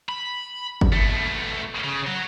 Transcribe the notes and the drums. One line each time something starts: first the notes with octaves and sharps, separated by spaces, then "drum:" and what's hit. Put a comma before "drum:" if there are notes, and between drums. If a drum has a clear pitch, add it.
B5
drum: kick G1
B2 A3
C#3
F#3